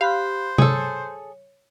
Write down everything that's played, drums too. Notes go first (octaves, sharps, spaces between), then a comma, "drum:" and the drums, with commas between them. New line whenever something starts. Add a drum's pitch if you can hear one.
G4 C5 F5 B5 F#6
G#4 A4 C#5, drum: tom C3